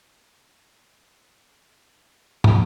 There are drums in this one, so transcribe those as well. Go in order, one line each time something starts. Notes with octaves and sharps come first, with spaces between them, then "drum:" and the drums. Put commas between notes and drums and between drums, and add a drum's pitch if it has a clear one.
A3 F#5
drum: tom